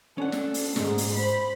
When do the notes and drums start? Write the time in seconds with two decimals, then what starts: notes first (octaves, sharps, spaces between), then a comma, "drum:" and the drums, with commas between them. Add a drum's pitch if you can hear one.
0.18 C#4 D4 A4 F#5
0.32 drum: snare
0.54 drum: open hi-hat
0.76 C#2 G#2 G#3 A#5, drum: snare
0.98 drum: open hi-hat
1.15 C5 B5